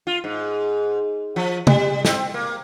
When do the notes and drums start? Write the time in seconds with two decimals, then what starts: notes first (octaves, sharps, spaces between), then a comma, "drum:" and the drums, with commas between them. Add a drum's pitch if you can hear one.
0.07 F4
0.24 G#2
1.36 F3
1.67 G3, drum: tom C3
2.05 C4, drum: snare
2.34 A#3